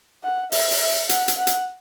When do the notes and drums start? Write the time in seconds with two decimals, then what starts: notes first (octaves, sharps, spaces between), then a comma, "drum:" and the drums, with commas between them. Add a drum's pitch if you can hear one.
0.24 F#5
0.52 E5, drum: open hi-hat
0.71 drum: open hi-hat
0.80 E5
1.09 F#5, drum: hi-hat
1.28 drum: hi-hat
1.37 F#5
1.47 drum: hi-hat